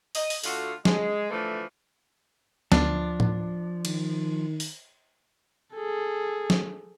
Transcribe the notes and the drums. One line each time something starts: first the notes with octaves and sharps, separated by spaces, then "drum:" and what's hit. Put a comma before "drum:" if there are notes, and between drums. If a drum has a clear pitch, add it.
D#5, drum: open hi-hat
drum: open hi-hat
D3 A3 F4 F#4, drum: open hi-hat
G#3, drum: snare
D3 E3 F3 A3
D2 F3 B3 D4, drum: snare
drum: tom A2
D#3, drum: cymbal
drum: open hi-hat
G#4 A4
drum: snare